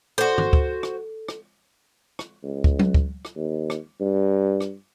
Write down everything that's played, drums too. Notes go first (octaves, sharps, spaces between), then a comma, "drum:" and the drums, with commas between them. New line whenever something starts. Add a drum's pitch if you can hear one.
F#4 A4 C5
drum: tom
drum: kick D2
drum: rim click
drum: rim click
drum: rim click
C#2
drum: kick D2
drum: tom F#3
drum: kick D2
drum: rim click
D#2
drum: rim click
G2
drum: rim click